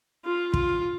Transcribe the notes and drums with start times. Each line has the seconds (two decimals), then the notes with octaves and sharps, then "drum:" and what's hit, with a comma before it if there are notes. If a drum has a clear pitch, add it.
0.25 F4
0.54 F4, drum: kick